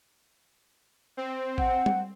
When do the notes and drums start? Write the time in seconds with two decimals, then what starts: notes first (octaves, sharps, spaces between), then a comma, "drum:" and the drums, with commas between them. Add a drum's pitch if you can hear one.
1.17 C4
1.58 F#5, drum: kick A1
1.86 drum: tom G3